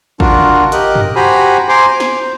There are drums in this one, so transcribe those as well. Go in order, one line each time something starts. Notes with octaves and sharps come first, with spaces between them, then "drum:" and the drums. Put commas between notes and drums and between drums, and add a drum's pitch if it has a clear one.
D4 F4 F#4 A#4, drum: kick
drum: tom C3
G4 A#4 D#5 F#6, drum: hi-hat
drum: tom F#2
F#4 G4 C5 G#5 A#5 B5
C5 G#5 A#5 C6 D6
C5
drum: snare